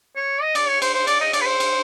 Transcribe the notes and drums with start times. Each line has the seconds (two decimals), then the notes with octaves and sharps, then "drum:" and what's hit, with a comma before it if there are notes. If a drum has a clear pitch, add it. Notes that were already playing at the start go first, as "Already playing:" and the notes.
0.16 C#5
0.42 D#5
0.55 D5, drum: cymbal
0.68 C#5
0.82 C5, drum: cymbal
0.94 C5
1.07 D5, drum: cymbal
1.21 D#5
1.33 D5, drum: cymbal
1.41 B4
1.46 C5
1.60 drum: cymbal